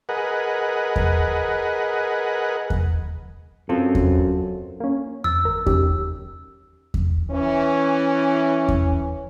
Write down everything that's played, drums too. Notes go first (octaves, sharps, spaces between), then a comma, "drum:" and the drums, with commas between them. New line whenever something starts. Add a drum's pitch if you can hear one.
G#4 A#4 B4 D#5 F#5
drum: kick E2
drum: kick E2
F#2 C4 F4 A4
drum: kick E2
A#3 C#4
F2 E6 A6
G1 A#4
C#4 D#4 G4, drum: kick E2
drum: kick E2
E3 C#4
drum: kick E2